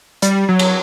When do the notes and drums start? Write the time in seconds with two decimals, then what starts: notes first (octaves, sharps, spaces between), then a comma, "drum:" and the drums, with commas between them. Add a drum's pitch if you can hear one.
0.22 G3, drum: hi-hat
0.49 F#3
0.59 drum: cymbal